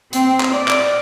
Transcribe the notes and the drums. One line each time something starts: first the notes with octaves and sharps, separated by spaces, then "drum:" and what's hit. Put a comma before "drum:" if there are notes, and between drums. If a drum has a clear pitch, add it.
C4, drum: hi-hat
drum: clap
D5
drum: clap